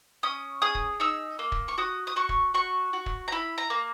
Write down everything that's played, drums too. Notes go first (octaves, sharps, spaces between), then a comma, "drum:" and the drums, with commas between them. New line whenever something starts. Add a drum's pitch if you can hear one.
C#4 D#6
G#4 D#6
drum: kick
D#4 E6
A#3
drum: kick
C#6
F#4 D#6
D#6
F#4 C#6
drum: kick
F#4 C#6
F#4
drum: kick
A#5
E4 B5
A#5
A#3